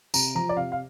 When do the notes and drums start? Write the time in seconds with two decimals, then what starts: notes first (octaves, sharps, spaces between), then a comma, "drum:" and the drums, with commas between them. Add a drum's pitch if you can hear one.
0.14 C3 A#5, drum: tambourine
0.35 F3 A#5
0.49 D5
0.57 C3 F5
0.72 F5